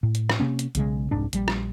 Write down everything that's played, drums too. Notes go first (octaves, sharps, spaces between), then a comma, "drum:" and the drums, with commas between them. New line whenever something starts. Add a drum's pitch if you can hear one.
A2
drum: hi-hat
drum: rim click
C3 A#3 C#4
drum: hi-hat
B1 C#3 G#3, drum: hi-hat
F1 C2 G#2 D4
A#1 G3, drum: hi-hat
drum: rim click